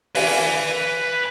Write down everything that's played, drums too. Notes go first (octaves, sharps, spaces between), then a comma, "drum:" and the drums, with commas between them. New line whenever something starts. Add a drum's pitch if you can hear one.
B4 G#5, drum: open hi-hat